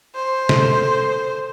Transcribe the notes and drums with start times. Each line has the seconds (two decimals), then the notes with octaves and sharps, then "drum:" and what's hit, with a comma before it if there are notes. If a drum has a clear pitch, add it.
0.15 C5
0.49 A4, drum: snare